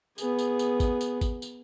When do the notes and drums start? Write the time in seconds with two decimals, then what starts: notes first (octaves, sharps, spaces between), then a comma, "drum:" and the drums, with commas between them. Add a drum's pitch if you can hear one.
0.18 B3 G#4, drum: tambourine
0.39 drum: tambourine
0.59 drum: tambourine
0.80 drum: kick, tambourine
1.01 drum: tambourine
1.21 drum: kick, tambourine
1.42 drum: tambourine